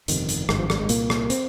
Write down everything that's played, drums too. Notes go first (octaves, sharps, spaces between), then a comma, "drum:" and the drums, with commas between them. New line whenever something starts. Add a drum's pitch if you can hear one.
G1 F2 C3 D#3, drum: hi-hat
drum: hi-hat
G#1 G2 D#3, drum: rim click
F3
G3, drum: rim click
G#3
C2 A#2 A#3, drum: hi-hat
drum: rim click
C4, drum: hi-hat